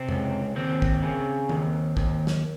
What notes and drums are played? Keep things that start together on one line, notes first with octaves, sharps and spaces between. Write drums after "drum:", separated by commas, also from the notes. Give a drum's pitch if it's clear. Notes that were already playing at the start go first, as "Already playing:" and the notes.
Already playing: C3 C4
C#2, drum: tom F2
D#2 C4
drum: kick
C#3
D#2, drum: tom D#3
D#2, drum: kick
drum: snare